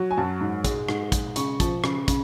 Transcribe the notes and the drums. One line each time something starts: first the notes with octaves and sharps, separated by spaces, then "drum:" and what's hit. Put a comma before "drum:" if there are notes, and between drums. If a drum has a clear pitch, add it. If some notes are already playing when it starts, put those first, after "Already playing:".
Already playing: F#3
G#5
F#2 A5
G#2
G#3, drum: kick, hi-hat
G#2, drum: rim click
G#3, drum: kick, hi-hat
C#3 C#6, drum: hi-hat
F3, drum: kick, hi-hat
C#3, drum: rim click
C#3, drum: kick, hi-hat